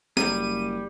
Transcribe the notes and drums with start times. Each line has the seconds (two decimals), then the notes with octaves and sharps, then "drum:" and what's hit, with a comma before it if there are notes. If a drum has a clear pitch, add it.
0.17 F#1 G3 D#7, drum: snare